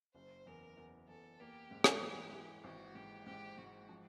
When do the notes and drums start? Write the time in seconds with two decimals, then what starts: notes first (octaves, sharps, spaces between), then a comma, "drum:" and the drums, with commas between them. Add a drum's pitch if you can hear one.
0.14 F#1 C5
0.46 E2 A#4
0.77 E2
1.08 E2 A4
1.40 A#3 G4
1.71 G#2
1.84 drum: rim click
2.02 E3
2.33 E3
2.64 G#1 F#4
2.95 G#2 G4
3.26 G#2 G4
3.58 G#2 F#4
3.89 F3